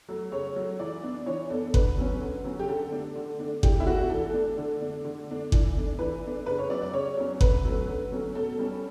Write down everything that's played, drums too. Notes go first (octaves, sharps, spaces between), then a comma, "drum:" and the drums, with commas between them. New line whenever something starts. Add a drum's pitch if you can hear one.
F#3 A3
C#3 C#5
F#3 A3
E3 D5
B3 D4
E3 C#5
B3 D4 A4
D3 B4, drum: kick G1
F#3 C#4
D3
F#3 C#4
G4
D3 A4
A3 D4
D3
A3 D4
E3 G4, drum: kick G1
E4
A3 D4 F#4
E3 A4
A3 D4
D3
A3 D4
D3
A3 D4
E3, drum: kick G1
A3 D4
E3 B4
A3 D4
C#3 B4
C#5
F#3 C#4 D5
D5
C#3 C#5
F#3 C#4
D3 B4, drum: kick G1
F#3 A3 C#4
D3
F#3 A3 C#4
B2 A4
G3 C#4